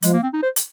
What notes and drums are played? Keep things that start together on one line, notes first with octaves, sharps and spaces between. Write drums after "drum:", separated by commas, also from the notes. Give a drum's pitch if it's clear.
F3 G#3, drum: hi-hat
A#3
C4
D#4
C5
drum: hi-hat